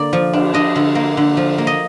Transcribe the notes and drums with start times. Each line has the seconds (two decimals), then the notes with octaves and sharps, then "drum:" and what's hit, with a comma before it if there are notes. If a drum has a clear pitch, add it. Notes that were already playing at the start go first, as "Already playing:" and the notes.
Already playing: D3 A#3 D5
0.13 F3
0.33 D4, drum: cymbal
0.54 D4 D#5
0.76 D3
0.95 A#3
1.17 D3
1.37 F3
1.58 A#3
1.67 D#5